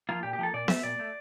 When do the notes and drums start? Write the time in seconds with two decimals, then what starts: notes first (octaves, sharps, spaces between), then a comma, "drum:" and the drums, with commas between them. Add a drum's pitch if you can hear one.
0.09 F3 A#3 F4
0.23 A#2 G4
0.33 G4
0.39 F3 A#3 A4
0.54 A#2 D5
0.68 A3 E5, drum: snare B3
0.83 A#2 D5
0.99 A3